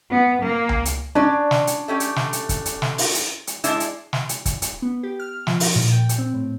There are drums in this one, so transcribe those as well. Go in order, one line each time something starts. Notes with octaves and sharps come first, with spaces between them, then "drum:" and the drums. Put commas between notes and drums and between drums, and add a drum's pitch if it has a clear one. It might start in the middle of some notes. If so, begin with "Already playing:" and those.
B3
A#3
drum: tom C#2
drum: hi-hat
C#4 D4 D5
drum: snare
drum: hi-hat
A3 C#4 G4
drum: hi-hat
drum: snare
drum: hi-hat
drum: kick, hi-hat
drum: hi-hat
drum: snare
drum: open hi-hat
drum: hi-hat
drum: hi-hat
G#3 D4 E4, drum: hi-hat
drum: hi-hat
drum: snare
drum: hi-hat
drum: kick, hi-hat
drum: hi-hat
B3
G4
F6
F3, drum: snare
drum: open hi-hat
A#2
G5
drum: hi-hat
C4
A2